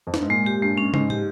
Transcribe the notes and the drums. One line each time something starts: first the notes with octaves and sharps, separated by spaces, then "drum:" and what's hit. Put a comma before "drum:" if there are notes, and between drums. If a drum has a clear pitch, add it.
F2
G2, drum: snare
G#2
A#2 G#3
G4
G2 G#3
C#4
G#2 G#3, drum: tom
G4, drum: tom